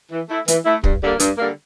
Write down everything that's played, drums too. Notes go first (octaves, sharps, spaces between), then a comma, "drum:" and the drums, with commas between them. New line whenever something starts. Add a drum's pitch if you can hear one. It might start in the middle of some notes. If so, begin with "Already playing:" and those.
E3
A3 E4
E3, drum: hi-hat
A3 E4
G2, drum: kick
D3 G3 A#3
G2, drum: hi-hat
D3 G3 A#3